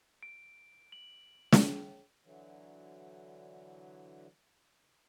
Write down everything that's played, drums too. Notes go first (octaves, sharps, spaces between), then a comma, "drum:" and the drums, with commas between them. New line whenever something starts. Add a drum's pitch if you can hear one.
D7
F#7
drum: snare
D3 E3 F#3